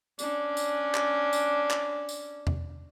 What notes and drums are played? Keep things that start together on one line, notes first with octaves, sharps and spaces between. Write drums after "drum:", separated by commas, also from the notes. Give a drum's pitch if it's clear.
C#4 D4, drum: tambourine
drum: tambourine
drum: clap
drum: tambourine
drum: clap
drum: tambourine
drum: tom E2